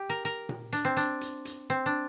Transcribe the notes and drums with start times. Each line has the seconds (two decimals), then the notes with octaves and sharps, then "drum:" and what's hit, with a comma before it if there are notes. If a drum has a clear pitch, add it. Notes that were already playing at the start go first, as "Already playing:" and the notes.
Already playing: G4
0.09 A#4
0.25 A#4
0.49 drum: tom A#2
0.73 D4, drum: hi-hat
0.85 C4
0.97 D4, drum: hi-hat
1.21 drum: hi-hat
1.45 drum: hi-hat
1.70 C4
1.86 D4